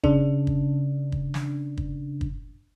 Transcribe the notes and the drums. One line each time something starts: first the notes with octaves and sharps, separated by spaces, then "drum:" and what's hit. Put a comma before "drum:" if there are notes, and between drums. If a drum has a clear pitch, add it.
C#3 D4, drum: kick
drum: kick
drum: kick
drum: snare
drum: kick
drum: kick